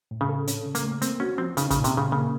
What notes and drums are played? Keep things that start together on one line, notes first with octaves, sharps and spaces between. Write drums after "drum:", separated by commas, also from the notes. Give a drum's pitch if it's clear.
A2
C#3
A4
C#4, drum: hi-hat
C#3
A#3, drum: hi-hat
A3
A#3 C4, drum: hi-hat
C#4 F#4
F3 C4
C#3 D#4, drum: hi-hat
A#2 C#3, drum: kick, hi-hat
C3, drum: hi-hat
A#2 C#3
C#3 A#3